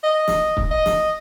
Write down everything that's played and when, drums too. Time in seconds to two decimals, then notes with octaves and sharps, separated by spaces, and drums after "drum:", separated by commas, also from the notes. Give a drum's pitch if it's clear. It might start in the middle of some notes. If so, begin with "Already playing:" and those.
0.03 D#5
0.28 drum: snare
0.57 drum: kick
0.71 D#5
0.86 drum: snare